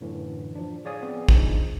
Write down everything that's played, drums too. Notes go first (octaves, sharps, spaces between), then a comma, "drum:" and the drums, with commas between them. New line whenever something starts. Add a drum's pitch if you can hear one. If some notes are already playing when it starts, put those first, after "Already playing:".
F#2 A2 D3 E3
F3 D4
G#4 C#5 D5 F5 G#5 D#6
B3 C4 G#4
C#3 F3 D4 D#4 G#4, drum: kick